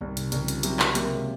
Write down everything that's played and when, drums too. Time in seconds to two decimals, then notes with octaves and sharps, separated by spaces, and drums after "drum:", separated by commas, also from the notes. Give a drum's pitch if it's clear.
0.01 C2 D#3
0.17 C3, drum: hi-hat
0.32 C2 C#3, drum: hi-hat
0.42 F3
0.48 D#3, drum: hi-hat
0.63 C3 F#3, drum: hi-hat
0.79 drum: clap
0.95 C3 F#3 A#3, drum: hi-hat
1.15 G#3